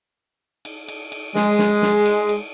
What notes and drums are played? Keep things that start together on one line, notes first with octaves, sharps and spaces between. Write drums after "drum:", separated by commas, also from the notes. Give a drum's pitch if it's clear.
drum: cymbal
drum: cymbal
drum: cymbal
G#3, drum: snare
drum: snare
drum: snare
drum: cymbal
drum: cymbal